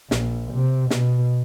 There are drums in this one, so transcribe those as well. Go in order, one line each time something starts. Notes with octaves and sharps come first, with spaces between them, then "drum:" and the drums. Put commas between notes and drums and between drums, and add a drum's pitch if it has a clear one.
A#1, drum: snare
C3
B2, drum: snare